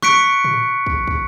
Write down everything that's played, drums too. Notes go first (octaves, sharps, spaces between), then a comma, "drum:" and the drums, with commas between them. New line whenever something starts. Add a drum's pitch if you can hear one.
C#6 F#6 B6 C#7 D7, drum: snare
drum: tom A2
drum: kick
drum: kick